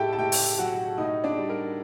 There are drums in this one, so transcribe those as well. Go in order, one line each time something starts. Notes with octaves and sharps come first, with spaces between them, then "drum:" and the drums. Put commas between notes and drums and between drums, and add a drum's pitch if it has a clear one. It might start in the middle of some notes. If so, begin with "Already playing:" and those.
Already playing: A2 A3 G4 A4 G5 A5
A5
A2 G4 G5
drum: open hi-hat
F#3 F#4 F#5
A2 D#4 D#5
D4 D5
G3
A#4